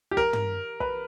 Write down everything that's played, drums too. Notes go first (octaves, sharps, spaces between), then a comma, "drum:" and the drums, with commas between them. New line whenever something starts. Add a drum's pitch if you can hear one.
G4
A#4, drum: kick
drum: tom
B4, drum: kick